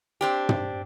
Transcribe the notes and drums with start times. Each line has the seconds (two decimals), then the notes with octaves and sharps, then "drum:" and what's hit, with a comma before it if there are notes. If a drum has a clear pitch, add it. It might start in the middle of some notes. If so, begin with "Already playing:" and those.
0.21 C4 D4 G4
0.49 drum: tom